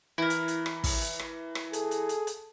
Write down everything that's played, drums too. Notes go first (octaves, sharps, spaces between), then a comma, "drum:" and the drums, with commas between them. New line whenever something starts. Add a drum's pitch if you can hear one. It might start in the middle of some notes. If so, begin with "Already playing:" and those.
E3 E4 A#4
drum: hi-hat
drum: hi-hat
drum: rim click
drum: kick, open hi-hat
drum: hi-hat
drum: rim click
drum: rim click
G#4 A4, drum: hi-hat
drum: hi-hat
drum: hi-hat
drum: hi-hat